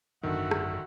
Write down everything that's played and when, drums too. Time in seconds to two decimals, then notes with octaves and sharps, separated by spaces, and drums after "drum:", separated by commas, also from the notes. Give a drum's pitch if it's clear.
0.23 G#1 F#2 D3 D#3 B3 F#4 E5
0.51 drum: rim click